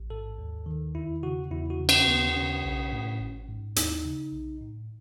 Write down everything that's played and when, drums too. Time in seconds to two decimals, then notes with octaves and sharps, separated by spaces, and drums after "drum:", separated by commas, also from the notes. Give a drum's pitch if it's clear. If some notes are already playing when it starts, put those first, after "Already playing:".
Already playing: A1
0.10 G#2 A4
0.38 D#2
0.66 D#3
0.95 E2 E4
1.23 C#3 F#4
1.51 E2 E4
1.70 F#4
1.79 C#3
1.89 C#4, drum: cymbal
2.08 D#2 B3
2.36 C#3 C#4
2.64 B1
2.92 A2
3.20 G#1
3.49 G#2
3.76 D#2 D#4, drum: hi-hat
4.05 C#3
4.33 B1
4.61 A2